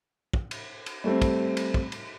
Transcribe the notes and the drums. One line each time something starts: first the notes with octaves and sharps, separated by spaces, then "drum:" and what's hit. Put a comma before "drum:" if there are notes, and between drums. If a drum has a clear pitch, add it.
drum: kick
drum: cymbal
drum: cymbal
G3 A3 C4
drum: kick, cymbal
drum: cymbal
drum: kick
drum: cymbal